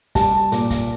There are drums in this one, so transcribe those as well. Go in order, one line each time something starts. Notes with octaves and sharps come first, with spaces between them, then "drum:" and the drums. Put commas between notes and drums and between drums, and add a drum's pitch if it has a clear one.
G3 A5, drum: kick, hi-hat
A#2, drum: hi-hat
drum: kick, hi-hat